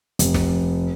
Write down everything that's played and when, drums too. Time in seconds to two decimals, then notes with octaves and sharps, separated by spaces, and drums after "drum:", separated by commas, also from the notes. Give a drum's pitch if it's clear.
0.19 F1, drum: hi-hat
0.34 drum: snare